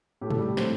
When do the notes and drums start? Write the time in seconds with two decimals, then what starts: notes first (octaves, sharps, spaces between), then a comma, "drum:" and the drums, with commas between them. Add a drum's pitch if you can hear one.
0.21 A2 A3 G4
0.31 A4, drum: tom G#2
0.38 G3 G4
0.57 A2 A3 C4 C5, drum: snare